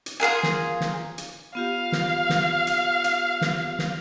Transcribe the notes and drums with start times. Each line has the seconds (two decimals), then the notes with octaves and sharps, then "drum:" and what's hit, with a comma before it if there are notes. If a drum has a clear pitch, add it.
0.06 drum: hi-hat
0.20 F4 G#4 A#4 G#5
0.43 drum: snare
0.81 drum: snare
1.18 drum: hi-hat
1.55 B3 F4 G4 F5
1.92 drum: snare
2.30 drum: snare
2.67 drum: hi-hat
3.04 drum: hi-hat
3.41 drum: snare
3.79 drum: snare